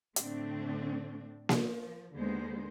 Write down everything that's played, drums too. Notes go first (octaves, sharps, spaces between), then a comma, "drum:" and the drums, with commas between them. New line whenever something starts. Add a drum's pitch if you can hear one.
A2 D3 A3 C4 D4, drum: hi-hat
F3, drum: snare A#3
D#2 D3 G#3 B3 C5